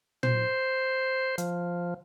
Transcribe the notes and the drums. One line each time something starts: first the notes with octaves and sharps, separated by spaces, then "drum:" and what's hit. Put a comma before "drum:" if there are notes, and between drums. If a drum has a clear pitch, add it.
C5, drum: tom A#2
F3, drum: hi-hat